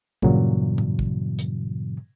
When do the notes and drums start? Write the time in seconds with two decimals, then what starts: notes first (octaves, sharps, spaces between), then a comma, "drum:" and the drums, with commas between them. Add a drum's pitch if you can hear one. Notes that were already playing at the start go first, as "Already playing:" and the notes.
0.22 G2 A#2 C#3 E3 F#3, drum: kick
0.78 drum: tom
0.99 drum: kick
1.39 drum: hi-hat